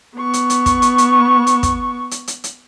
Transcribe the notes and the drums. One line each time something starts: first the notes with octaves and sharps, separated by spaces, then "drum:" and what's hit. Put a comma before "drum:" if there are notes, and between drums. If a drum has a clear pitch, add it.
B3 C#6
drum: hi-hat
drum: hi-hat
drum: kick, hi-hat
drum: hi-hat
drum: hi-hat
drum: hi-hat
drum: kick, hi-hat
drum: hi-hat
drum: hi-hat
drum: hi-hat